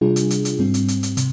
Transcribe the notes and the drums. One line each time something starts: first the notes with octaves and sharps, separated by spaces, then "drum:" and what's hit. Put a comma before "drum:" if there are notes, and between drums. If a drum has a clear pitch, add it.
C3 G3 D4 F4 G#4
drum: hi-hat
drum: hi-hat
drum: hi-hat
G#2 G3 C4
drum: hi-hat
drum: hi-hat
drum: hi-hat
C3, drum: hi-hat